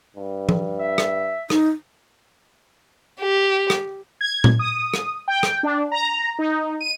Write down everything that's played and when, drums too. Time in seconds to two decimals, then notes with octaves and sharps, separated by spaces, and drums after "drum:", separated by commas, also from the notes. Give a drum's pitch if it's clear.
0.16 G2
0.49 drum: tom
0.79 E5
0.98 drum: rim click
1.50 D#4, drum: rim click
3.21 G4
3.70 drum: rim click
4.21 G#6
4.44 drum: tom A#2
4.59 D#6
4.94 drum: rim click
5.28 G5
5.43 drum: rim click
5.63 D4
5.92 A#5
6.39 D#4
6.81 D#7